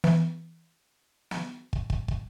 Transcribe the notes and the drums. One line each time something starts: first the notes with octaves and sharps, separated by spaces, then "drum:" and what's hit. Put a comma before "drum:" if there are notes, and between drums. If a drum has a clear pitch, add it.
E3, drum: snare
drum: snare
drum: kick
drum: kick
drum: kick